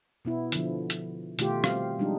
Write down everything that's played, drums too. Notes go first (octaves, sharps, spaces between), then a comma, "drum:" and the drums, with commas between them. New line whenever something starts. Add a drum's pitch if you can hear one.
B2 B3 E4
D3 F3, drum: hi-hat
drum: hi-hat
B2 D#3 A3 F4 G4, drum: hi-hat
G3 C4 F5, drum: rim click
F3 G3 G#3 D4 D#4